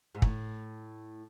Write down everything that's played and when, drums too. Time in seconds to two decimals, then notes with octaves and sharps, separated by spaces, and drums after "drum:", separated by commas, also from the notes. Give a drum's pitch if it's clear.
0.15 G#2
0.22 A2, drum: kick